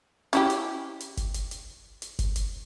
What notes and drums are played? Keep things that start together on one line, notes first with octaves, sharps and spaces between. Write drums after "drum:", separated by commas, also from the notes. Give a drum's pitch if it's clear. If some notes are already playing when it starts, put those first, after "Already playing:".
C#4 E4 G4, drum: hi-hat
drum: hi-hat
drum: hi-hat
drum: kick F#1, hi-hat
drum: hi-hat
drum: hi-hat
drum: hi-hat
drum: kick F#1, hi-hat
drum: hi-hat